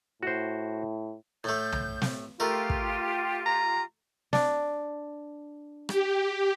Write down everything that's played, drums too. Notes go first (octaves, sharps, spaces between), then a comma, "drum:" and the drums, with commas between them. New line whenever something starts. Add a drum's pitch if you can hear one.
A2 F#4 C5
A2 A3 G6
drum: tom
drum: snare
A3 F4 G4 A#4
drum: kick
A#5
D4, drum: snare
G4, drum: rim click